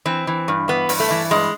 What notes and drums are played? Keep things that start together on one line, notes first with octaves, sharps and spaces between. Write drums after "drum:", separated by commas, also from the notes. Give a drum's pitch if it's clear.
E3 C4
E3
G2
E3 B3
G2, drum: open hi-hat
A3
E3
G2 G#3